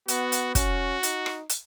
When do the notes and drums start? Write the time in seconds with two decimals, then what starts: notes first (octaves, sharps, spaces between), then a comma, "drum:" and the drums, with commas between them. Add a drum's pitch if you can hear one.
0.08 B3 F#4, drum: hi-hat
0.32 drum: hi-hat
0.55 C#4 F#4, drum: kick, hi-hat
1.03 D#4, drum: hi-hat
1.26 drum: rim click
1.49 drum: hi-hat